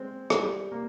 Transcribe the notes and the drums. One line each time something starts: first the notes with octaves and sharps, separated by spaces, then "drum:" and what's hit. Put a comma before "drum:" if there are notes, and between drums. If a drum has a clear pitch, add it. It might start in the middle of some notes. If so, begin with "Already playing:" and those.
Already playing: G#3 C4
G3, drum: rim click
A#3